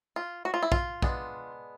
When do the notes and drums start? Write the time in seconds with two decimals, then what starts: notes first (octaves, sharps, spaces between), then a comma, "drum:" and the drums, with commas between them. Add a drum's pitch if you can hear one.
0.16 F4
0.45 F#4
0.54 F4
0.63 E4
0.72 F4, drum: kick
1.02 G#3 B3 D4, drum: kick